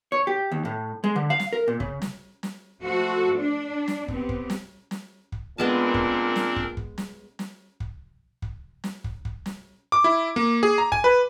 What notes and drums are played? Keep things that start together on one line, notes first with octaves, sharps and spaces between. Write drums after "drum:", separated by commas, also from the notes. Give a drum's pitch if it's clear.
C#5
G4
D#2
A2
G#3
D3
F5
drum: snare
A#4
A#2
C#3, drum: kick
drum: snare
drum: snare
F3 A3 F#4 A4 C5
D4
drum: snare
B3 C4 G4, drum: kick
drum: kick
drum: snare
drum: snare
drum: kick
A#2 G#3 B3 C4 D4 A#4 A5
drum: kick
drum: snare
drum: kick
drum: kick
drum: snare
drum: snare
drum: kick
drum: kick
drum: snare
drum: kick
drum: kick
drum: snare
D6
E4
A#3
G#4
A#5
G#5, drum: kick
B4